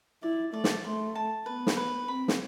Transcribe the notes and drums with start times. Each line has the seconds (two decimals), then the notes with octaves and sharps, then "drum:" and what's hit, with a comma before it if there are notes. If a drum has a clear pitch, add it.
0.23 E4 D5
0.53 A3 D5
0.64 drum: snare
0.84 A3 C6
1.15 A5
1.46 B3 B4
1.67 drum: snare
1.77 B4
2.07 C4 B5
2.28 drum: snare